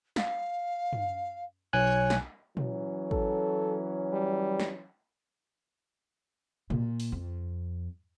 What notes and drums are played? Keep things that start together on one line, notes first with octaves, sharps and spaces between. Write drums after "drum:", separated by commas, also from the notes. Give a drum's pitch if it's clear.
F5, drum: snare
drum: tom
B1 C#5 G#5 F#6
drum: snare
E3 F#3 C#4, drum: tom
A4, drum: kick
G3
drum: snare
A#2, drum: tom
drum: open hi-hat
F2